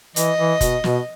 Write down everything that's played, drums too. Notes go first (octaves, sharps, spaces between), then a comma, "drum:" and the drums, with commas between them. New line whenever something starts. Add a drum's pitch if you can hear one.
E3 D#5, drum: hi-hat
E3
B2, drum: kick F1, hi-hat
B2, drum: snare